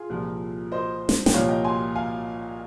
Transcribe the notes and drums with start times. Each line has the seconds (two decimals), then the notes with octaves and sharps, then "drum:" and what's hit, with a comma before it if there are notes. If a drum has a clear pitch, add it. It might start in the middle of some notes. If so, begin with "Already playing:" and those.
Already playing: F4 G#4
0.10 C2 A#2 F3
0.72 C5 D#5
1.09 drum: snare
1.26 G5, drum: snare
1.34 C2 A#2 F3 C#5 F5
1.49 D#5 G5
1.64 G#5 C6
1.96 F5 G#5